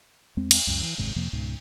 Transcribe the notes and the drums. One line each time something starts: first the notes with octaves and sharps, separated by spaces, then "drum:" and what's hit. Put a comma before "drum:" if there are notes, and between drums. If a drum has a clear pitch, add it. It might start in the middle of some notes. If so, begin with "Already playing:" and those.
E2 G#3 C4
drum: cymbal
C#2 F#2
E3
F#1 D#2 G#2 C3
F2 C3 F3 A#3
C#2 G#2 B2